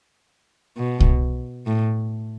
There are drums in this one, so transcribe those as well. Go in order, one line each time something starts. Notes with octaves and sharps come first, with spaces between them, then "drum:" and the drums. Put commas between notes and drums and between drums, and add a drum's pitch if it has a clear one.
B2
drum: kick C2
A2